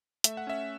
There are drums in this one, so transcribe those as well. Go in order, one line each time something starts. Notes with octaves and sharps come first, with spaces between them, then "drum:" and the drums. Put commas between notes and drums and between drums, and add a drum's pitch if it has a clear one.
A3 E5, drum: hi-hat
F#5
C#4 E5